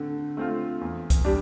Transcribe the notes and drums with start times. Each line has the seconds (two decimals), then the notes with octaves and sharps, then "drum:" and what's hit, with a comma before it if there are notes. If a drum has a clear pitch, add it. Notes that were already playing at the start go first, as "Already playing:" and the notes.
Already playing: D3 A3 C4
0.37 A3 C4 F4
0.81 E2
1.10 drum: kick C2, hi-hat
1.25 G3 D4